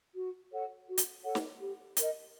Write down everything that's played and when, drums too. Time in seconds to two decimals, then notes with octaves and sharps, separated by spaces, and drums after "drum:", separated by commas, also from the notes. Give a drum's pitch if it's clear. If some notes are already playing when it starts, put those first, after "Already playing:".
0.15 F#4
0.51 A4 C#5 F#5
0.87 F#4
0.98 drum: hi-hat
1.24 A4 C#5 F#5
1.35 drum: snare
1.60 G4
1.97 A#4 D#5, drum: hi-hat